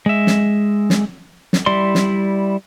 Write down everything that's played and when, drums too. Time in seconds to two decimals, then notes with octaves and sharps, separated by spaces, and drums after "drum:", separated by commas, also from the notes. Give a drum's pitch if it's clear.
0.06 G#3 E5
0.27 drum: snare
0.90 drum: snare
1.53 drum: snare
1.66 G3 E4 D5 C6
1.95 drum: snare